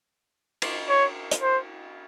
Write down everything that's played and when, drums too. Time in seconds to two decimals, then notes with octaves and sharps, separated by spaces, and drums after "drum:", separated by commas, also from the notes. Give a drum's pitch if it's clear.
0.62 drum: cymbal
0.89 C#5
1.31 drum: hi-hat
1.42 C5